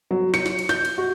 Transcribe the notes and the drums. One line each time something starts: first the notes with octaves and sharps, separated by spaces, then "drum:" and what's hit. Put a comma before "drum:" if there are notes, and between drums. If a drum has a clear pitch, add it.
F#3
C#7, drum: snare
drum: snare
drum: cymbal
G6, drum: snare
drum: cymbal
F#4